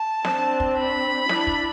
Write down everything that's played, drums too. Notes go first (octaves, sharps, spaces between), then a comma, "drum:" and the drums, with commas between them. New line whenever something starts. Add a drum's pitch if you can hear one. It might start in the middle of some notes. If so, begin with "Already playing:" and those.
Already playing: A5
C4 D4, drum: snare
drum: kick
B5
D4 E4, drum: snare
drum: kick